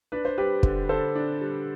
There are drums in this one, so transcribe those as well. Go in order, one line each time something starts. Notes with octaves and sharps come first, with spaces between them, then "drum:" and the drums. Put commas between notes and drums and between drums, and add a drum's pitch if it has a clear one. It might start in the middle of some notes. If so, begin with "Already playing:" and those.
D4 B4
C5
G3 G4 B4
D3, drum: kick
D3 A4 C5
D4
G3